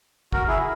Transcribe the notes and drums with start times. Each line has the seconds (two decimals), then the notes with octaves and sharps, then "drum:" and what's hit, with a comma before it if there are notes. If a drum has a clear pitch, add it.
0.32 F#4 A#4, drum: kick
0.48 E4 G#4